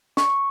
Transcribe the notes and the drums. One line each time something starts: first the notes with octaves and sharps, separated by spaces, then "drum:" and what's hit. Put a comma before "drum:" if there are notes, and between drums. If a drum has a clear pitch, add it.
C#6, drum: snare